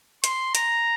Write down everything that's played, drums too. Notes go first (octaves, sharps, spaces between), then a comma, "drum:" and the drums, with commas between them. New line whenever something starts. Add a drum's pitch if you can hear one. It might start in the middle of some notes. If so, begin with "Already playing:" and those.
C6, drum: hi-hat
A#5, drum: hi-hat